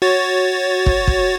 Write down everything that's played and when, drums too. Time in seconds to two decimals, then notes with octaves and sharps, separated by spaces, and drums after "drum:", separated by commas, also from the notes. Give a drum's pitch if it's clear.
0.02 F#4 C#5 A6
0.86 drum: kick
1.07 drum: kick